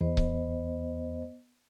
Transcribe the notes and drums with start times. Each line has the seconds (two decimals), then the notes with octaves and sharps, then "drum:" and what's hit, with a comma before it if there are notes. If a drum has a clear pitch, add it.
0.01 E2 B3 C5 D#5
0.17 drum: kick C#1